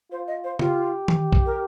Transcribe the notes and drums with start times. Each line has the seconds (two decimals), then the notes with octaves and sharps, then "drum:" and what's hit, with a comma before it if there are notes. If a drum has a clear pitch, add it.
0.11 F4 C5
0.27 D#5
0.44 C5
0.59 F4 G4, drum: tom C#3
1.08 drum: tom D#3
1.32 drum: kick B1
1.45 A#4